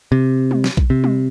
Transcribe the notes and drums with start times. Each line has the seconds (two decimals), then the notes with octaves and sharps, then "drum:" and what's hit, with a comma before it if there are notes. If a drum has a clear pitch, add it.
0.12 C3
0.51 drum: tom G3
0.64 drum: snare
0.77 drum: kick A#1
0.90 C3
1.04 drum: tom G3